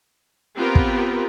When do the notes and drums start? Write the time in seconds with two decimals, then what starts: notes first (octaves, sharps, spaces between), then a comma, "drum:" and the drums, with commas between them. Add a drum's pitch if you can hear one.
0.56 B3 C4 F4 G4 A#4
0.75 drum: kick